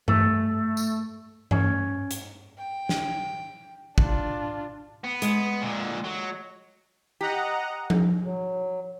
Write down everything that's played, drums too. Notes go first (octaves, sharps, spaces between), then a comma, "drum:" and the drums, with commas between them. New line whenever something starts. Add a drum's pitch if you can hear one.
A3, drum: tom G2
drum: tambourine
C#4, drum: tom G2
drum: hi-hat
G5
drum: snare
D4 F4, drum: kick
B3
G#3, drum: hi-hat
A#2 D3
F#3
G4 D#5 F#5 A#5
drum: tom F3
F#3